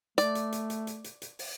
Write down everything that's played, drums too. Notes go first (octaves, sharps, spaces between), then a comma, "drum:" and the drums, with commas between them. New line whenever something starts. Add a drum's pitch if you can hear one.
A3 D5, drum: hi-hat
drum: hi-hat
drum: hi-hat
drum: hi-hat
drum: hi-hat
drum: hi-hat
drum: hi-hat
drum: open hi-hat